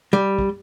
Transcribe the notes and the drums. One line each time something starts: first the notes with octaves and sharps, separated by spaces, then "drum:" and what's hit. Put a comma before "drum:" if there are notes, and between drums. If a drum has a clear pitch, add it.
G3
drum: kick